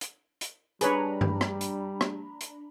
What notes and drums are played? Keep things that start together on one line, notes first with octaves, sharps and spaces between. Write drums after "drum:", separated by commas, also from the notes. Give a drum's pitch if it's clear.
drum: hi-hat
drum: hi-hat
G3 D4 G#4 B4 C#5 A#5 B5, drum: hi-hat
drum: tom G2
drum: rim click
drum: hi-hat
drum: rim click
drum: hi-hat